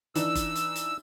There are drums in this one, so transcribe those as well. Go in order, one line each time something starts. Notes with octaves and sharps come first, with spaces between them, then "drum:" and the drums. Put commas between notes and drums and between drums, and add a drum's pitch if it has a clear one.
E3 D4 D#4 E6, drum: hi-hat
drum: kick, hi-hat
drum: hi-hat
drum: hi-hat